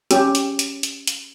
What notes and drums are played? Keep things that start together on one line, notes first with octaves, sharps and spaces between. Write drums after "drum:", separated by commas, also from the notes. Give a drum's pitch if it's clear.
C#4 G4, drum: hi-hat
drum: hi-hat
drum: hi-hat
drum: hi-hat
drum: hi-hat